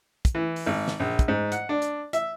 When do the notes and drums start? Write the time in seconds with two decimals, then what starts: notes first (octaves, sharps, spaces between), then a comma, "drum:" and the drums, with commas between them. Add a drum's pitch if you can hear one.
0.25 drum: kick, hi-hat
0.35 E3
0.56 drum: open hi-hat
0.66 G#1
0.88 drum: snare
1.00 A#1
1.19 drum: kick, hi-hat
1.28 G#2
1.52 F#5, drum: hi-hat
1.69 D4
1.82 drum: hi-hat
2.13 E5, drum: hi-hat